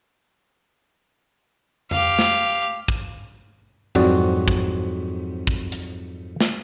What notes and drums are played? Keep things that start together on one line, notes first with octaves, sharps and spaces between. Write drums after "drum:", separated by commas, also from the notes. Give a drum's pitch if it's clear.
G4 F5, drum: tom F2
drum: snare
drum: kick
F2 G#2 F#3 C4 F#4 D5, drum: cymbal
drum: kick
drum: kick
drum: hi-hat
drum: snare